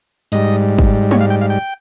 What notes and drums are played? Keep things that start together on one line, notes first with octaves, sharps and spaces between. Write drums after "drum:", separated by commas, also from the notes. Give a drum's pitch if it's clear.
G#2 G3 D#5, drum: hi-hat
drum: kick
C#5, drum: tom G#3
F5
G5
F5
G5